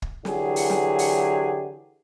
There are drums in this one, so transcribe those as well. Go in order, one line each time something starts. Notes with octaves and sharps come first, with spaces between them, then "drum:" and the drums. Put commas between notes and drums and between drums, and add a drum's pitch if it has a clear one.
drum: kick
D3 E3 F#3 G4 G#4, drum: snare
drum: open hi-hat
drum: snare
drum: open hi-hat